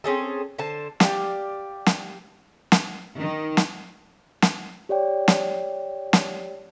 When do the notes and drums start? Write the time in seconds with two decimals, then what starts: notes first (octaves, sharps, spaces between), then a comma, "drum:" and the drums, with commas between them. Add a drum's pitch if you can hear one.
0.04 C4 C#4 G#4 A4
0.59 D3 C5 A5
1.00 G4 D5 F5, drum: snare
1.86 drum: snare
2.72 drum: snare
3.17 D#3
3.57 drum: snare
4.42 drum: snare
4.89 G4 C#5 D5 G5
5.28 drum: snare
6.13 drum: snare